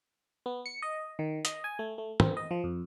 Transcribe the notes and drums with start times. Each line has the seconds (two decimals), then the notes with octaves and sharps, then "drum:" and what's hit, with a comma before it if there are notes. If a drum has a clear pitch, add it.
0.46 B3
0.66 C#7
0.82 D#5
1.19 D#3
1.45 D#5, drum: hi-hat
1.64 G#5
1.79 A3
1.98 A3
2.20 C4, drum: tom
2.37 D#5
2.51 F3
2.64 F2